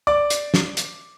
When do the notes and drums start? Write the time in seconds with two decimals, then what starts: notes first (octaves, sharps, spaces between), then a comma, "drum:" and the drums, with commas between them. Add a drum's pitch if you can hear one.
0.07 D5 D6
0.30 drum: hi-hat
0.54 drum: snare
0.77 drum: hi-hat